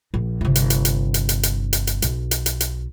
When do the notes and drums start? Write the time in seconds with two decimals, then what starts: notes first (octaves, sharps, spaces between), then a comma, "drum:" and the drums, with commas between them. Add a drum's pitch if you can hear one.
0.14 A#1
0.41 G1 C3
0.55 drum: hi-hat
0.70 drum: hi-hat
0.85 drum: hi-hat
1.14 drum: hi-hat
1.29 drum: hi-hat
1.43 drum: hi-hat
1.73 drum: hi-hat
1.87 drum: hi-hat
2.02 B1, drum: hi-hat
2.31 drum: hi-hat
2.46 drum: hi-hat
2.60 drum: hi-hat